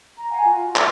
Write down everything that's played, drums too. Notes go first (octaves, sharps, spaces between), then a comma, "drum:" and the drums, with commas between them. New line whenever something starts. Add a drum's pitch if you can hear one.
A#5
F5 F#5 G#5 A#5
F4 F#4
F5 G5 E6, drum: clap